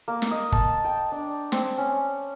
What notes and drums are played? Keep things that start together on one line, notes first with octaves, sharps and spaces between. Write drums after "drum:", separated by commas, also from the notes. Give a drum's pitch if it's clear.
A#3
drum: snare
D#5
A5, drum: kick
G5
D4
C4, drum: snare
C#4